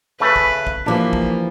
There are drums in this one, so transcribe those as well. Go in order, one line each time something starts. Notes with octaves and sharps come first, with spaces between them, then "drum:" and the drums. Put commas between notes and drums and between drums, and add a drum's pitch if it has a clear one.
C#3 A3 B4
drum: kick
drum: kick
E3 F3 G3 A#3 D4
drum: kick